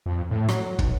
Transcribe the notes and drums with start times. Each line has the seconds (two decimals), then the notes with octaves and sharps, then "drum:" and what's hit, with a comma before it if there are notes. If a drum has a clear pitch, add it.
0.06 F2
0.31 A2
0.49 F#3, drum: rim click
0.79 B1, drum: kick